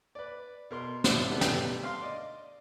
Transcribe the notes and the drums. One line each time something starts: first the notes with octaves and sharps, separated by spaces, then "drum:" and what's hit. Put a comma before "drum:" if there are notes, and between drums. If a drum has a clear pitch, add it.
B4 D5
B2 A#4 C6
E4 D5, drum: snare
B2 D3 G3 A3 B3 C4
drum: snare
F5 C6 F6
D5 D#5